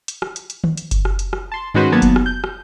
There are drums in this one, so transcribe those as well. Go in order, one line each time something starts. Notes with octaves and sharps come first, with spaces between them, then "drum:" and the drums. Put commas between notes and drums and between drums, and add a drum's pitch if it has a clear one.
drum: hi-hat
drum: rim click
drum: hi-hat
drum: hi-hat
drum: tom
drum: hi-hat
drum: kick F#1, hi-hat
drum: rim click
drum: hi-hat
drum: rim click
A5 C6
D#3 G#3 C#4 F#4 B4 C5, drum: tom G2
D#3 F#3 A#3 B3 A5 G#6
drum: kick F#1, hi-hat
drum: rim click
G6
drum: rim click